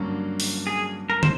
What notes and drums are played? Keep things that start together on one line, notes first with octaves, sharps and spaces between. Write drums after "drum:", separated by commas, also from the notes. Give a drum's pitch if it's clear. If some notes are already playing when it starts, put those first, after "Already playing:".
Already playing: G2 D3 F#3 A#3 C#4
drum: open hi-hat
G#4
A#4
C5, drum: tom